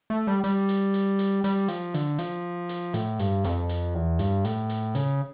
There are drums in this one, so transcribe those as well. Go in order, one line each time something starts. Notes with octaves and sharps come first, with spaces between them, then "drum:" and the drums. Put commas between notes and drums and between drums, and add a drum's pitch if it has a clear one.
A3
G3
G3, drum: hi-hat
drum: hi-hat
drum: hi-hat
drum: hi-hat
G3, drum: hi-hat
F3, drum: hi-hat
D3, drum: hi-hat
F3, drum: hi-hat
drum: hi-hat
A2, drum: hi-hat
G2, drum: hi-hat
F2, drum: hi-hat
drum: hi-hat
E2
G2, drum: hi-hat
A2, drum: hi-hat
drum: hi-hat
C#3, drum: hi-hat